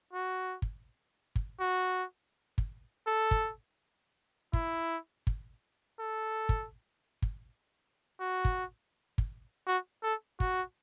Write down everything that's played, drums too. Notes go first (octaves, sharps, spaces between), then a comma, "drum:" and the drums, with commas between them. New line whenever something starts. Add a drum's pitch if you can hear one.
F#4
drum: kick
drum: kick
F#4
drum: kick
A4
drum: kick
E4, drum: kick
drum: kick
A4
drum: kick
drum: kick
F#4
drum: kick
drum: kick
F#4
A4
F#4, drum: kick